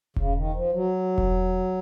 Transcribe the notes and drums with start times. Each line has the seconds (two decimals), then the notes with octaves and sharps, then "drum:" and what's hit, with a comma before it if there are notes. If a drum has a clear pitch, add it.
0.16 C#3, drum: kick E1
0.35 D#3
0.54 F3
0.72 F#3
1.18 drum: kick E1